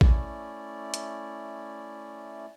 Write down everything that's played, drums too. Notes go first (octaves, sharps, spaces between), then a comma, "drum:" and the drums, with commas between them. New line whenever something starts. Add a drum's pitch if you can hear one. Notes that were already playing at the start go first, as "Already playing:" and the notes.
A3 C#4 E4 D5, drum: kick A1
drum: hi-hat